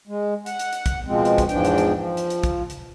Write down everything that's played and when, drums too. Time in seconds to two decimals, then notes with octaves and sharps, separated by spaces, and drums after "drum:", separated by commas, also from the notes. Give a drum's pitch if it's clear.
0.07 G#3
0.46 F#5, drum: hi-hat
0.59 drum: hi-hat
0.73 drum: hi-hat
0.86 drum: kick, hi-hat
1.06 B2 F3 G#3 C4
1.25 drum: hi-hat
1.38 drum: kick, hi-hat
1.49 E2 G#2 E3 F3 D4 G5, drum: hi-hat
1.65 drum: hi-hat
1.78 drum: hi-hat
1.95 F3
2.17 drum: hi-hat
2.30 drum: hi-hat
2.44 drum: kick, hi-hat
2.70 drum: hi-hat